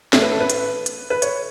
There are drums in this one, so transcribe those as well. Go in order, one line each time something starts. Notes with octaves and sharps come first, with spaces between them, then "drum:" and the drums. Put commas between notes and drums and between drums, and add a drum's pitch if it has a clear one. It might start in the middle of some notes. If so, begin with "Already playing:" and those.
A1 A2 A3 C#4 E5, drum: snare
B4
A4
B4
drum: hi-hat
drum: hi-hat
B4
C#5, drum: hi-hat